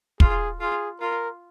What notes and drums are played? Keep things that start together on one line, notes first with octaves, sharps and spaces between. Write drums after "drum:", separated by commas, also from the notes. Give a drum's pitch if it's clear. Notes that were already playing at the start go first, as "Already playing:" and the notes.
F4 G#4, drum: kick
F4 G#4
F4 A#4